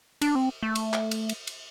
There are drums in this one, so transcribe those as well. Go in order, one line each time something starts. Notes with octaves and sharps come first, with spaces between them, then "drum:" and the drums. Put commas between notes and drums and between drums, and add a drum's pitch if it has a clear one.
D4, drum: cymbal
C4
A3
drum: cymbal
drum: clap
drum: cymbal
drum: cymbal
drum: cymbal